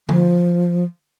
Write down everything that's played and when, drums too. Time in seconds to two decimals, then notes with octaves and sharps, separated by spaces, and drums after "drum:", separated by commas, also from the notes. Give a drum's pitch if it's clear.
0.09 F3, drum: tom D3